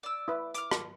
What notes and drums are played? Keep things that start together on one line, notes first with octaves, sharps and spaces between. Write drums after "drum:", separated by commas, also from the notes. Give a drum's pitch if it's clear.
D5 E6
E4 B4
D6 F6, drum: hi-hat
drum: rim click